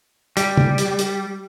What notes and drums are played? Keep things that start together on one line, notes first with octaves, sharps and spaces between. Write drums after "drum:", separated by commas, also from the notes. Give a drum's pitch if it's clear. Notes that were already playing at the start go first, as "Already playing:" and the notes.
G3, drum: hi-hat
drum: tom
drum: hi-hat
drum: hi-hat